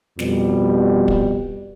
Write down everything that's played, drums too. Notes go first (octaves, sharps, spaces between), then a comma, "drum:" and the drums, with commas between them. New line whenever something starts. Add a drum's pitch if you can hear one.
F2 B2 G3, drum: snare
drum: kick